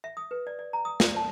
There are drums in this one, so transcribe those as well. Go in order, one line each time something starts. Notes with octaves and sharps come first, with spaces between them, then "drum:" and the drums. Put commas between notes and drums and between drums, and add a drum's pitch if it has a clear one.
E5
D#6
B4
D5
D5
A#5
D#6
D5, drum: snare
A5